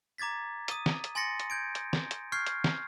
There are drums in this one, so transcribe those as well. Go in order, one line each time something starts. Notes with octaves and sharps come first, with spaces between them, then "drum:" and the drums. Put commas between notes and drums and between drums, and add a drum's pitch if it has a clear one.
A#5 D6 G#6 A6 B6
D#6 D#7, drum: hi-hat
drum: snare
drum: hi-hat
G#5 C6 A6 A#6 C#7
drum: hi-hat
G6 G#6 D7
drum: hi-hat
drum: snare
drum: hi-hat
C#6 F6 G6 G#6 C7
drum: hi-hat
drum: snare